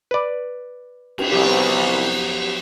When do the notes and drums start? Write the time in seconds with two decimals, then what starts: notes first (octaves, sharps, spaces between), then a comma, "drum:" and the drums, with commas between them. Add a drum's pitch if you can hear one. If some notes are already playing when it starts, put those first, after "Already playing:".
0.11 B4 D5
1.18 drum: cymbal
1.32 C2 F3 F#3 B3 G4